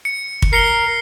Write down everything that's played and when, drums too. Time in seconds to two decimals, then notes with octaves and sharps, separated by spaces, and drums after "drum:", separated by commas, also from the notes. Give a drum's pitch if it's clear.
0.05 C#7
0.42 drum: kick
0.53 A#4 C7 C#7 G7